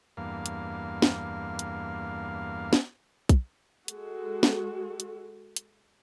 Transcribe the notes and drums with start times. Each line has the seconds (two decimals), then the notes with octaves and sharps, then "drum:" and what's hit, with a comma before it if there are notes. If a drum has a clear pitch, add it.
0.17 E2 G2 A#3 F5
0.46 drum: hi-hat
1.02 drum: snare
1.59 drum: hi-hat
2.73 drum: snare
3.29 drum: kick, hi-hat
3.88 G#3 F#4 A4, drum: hi-hat
4.43 drum: snare
5.00 drum: hi-hat
5.56 drum: hi-hat